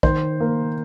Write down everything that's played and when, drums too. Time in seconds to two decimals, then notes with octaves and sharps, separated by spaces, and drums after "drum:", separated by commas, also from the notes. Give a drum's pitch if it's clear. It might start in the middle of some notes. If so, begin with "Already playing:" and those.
0.03 D#3 C5, drum: kick
0.40 A#3